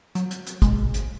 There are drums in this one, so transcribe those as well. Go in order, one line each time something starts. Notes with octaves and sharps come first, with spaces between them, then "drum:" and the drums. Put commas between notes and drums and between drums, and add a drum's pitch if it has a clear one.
F#3, drum: hi-hat
drum: hi-hat
drum: hi-hat
B2 G#3, drum: kick, hi-hat
drum: hi-hat